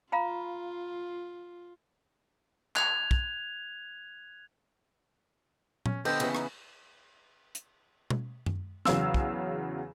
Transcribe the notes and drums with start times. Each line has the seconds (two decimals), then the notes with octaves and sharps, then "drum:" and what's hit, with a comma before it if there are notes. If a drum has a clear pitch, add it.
0.12 F4 F5 A#5 B5
2.76 F#6 G#6 F7, drum: clap
3.11 drum: kick
5.86 C#4, drum: tom A#2
6.05 D3 B3 C5 D#5 G5, drum: cymbal
6.20 C#3 E3 B3, drum: cymbal
6.35 D#4, drum: rim click
7.55 drum: hi-hat
8.10 drum: tom
8.46 drum: tom F#2
8.85 E2 C#3 F#3 F5 E6, drum: snare
9.14 drum: kick